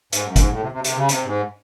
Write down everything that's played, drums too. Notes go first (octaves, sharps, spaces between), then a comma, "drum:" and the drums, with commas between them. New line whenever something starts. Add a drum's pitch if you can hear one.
G#2, drum: hi-hat
F#2
G#2, drum: kick, hi-hat
A2
C3
C3
C3, drum: hi-hat
C#3
C3, drum: hi-hat
G#2